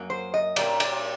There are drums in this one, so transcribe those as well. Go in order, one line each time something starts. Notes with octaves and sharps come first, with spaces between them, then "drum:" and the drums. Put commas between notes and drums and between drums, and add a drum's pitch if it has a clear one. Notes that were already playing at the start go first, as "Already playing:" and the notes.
Already playing: F#2 F#3 A#3
C5
D#5
A#2 G3 A#3 D5, drum: cymbal
D5, drum: cymbal